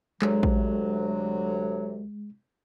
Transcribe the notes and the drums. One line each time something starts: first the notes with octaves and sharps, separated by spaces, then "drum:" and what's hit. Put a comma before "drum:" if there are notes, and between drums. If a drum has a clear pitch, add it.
D2 C3 F#3 G#3, drum: clap
drum: kick A1